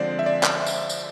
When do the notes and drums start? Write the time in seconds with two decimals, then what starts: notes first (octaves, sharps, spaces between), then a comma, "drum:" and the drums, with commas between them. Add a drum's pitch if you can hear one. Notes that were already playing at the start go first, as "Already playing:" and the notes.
Already playing: D3 F3 G#3 C4 C5 D5
0.19 E5
0.26 D5
0.43 drum: clap
0.66 drum: tambourine
0.89 drum: tambourine